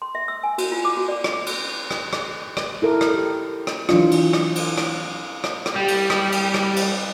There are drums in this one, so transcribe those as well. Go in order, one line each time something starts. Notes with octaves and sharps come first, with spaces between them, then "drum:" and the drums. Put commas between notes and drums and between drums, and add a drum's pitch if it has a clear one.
C6
E5
E6
G#5
F#4, drum: cymbal
F4
D6
F#4
D5
drum: rim click
drum: cymbal
drum: rim click
drum: rim click
drum: rim click
E4 A4 A#4
drum: rim click
G4
drum: rim click
E3 F#3 D4 F4, drum: rim click
drum: cymbal
drum: rim click
drum: cymbal
drum: rim click
drum: rim click
drum: rim click
G3 G4
drum: cymbal
drum: rim click
drum: cymbal
drum: rim click
drum: cymbal